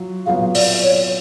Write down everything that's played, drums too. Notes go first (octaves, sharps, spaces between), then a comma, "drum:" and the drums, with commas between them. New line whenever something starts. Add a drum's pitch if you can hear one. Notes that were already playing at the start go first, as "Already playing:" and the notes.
Already playing: F#3 F4
F#3 B3 F4 G#4 F5
D5, drum: open hi-hat
C#5